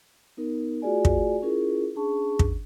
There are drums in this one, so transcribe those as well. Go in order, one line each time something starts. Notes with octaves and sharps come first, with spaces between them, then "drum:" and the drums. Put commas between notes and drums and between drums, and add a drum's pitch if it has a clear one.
B3 D#4 A#4
A3 F4 F#4 G#4 D5 G#5
drum: kick
C#4 E4 F4 G#4 A#4
C#4 D4 G#4 A5 C#6
drum: kick